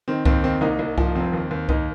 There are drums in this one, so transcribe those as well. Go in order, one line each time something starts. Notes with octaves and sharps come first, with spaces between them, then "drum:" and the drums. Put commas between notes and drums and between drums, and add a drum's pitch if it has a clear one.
D#3 C4
D#2 C4, drum: kick C2
D#3 C4
C2 A#3 D#4
C2
F3, drum: kick C2
F1 C4
D#2
D#2
D#2 A#3 D#4, drum: kick C2